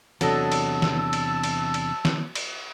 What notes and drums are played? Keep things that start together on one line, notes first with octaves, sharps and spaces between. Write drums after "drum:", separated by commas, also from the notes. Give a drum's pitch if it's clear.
E2 C3 F#3 D4 A4 D#5 A5 E6, drum: cymbal
drum: cymbal
drum: snare
drum: cymbal
drum: cymbal
drum: cymbal
drum: snare
drum: cymbal